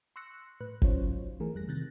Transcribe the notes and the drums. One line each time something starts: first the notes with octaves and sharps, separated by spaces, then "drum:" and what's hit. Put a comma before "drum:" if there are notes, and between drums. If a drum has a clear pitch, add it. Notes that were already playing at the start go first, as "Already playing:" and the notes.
C6 C#6 E6 F#6 A#6 C#7
A2 B4 F#6
F#3 C#4 D#4 F4 C5 C#5, drum: kick G#1
E3 A3 G#4 A#4
F2 G3 F#6 A#6
C3 D#3 F#6 G6 A6 A#6